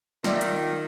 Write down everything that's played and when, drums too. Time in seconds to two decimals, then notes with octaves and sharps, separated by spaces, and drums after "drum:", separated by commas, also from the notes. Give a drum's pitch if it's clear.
0.24 D#3 F4 D5 E5, drum: snare
0.41 drum: hi-hat